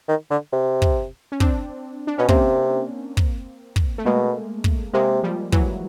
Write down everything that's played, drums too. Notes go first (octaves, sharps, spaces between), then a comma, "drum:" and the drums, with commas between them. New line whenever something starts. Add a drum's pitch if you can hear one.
D#3
D3
C3
drum: kick
C#4
C4 D4, drum: kick
D4
B2 C#4
C3 A#3 C4, drum: kick
drum: kick
drum: kick
A3
B2 G#3 A#3
drum: kick
C3 G#3 A#3
F3 G3
E3 F#3, drum: kick